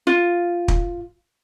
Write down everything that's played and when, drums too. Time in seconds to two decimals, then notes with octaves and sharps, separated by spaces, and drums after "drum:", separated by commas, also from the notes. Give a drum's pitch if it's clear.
0.07 F4
0.68 drum: kick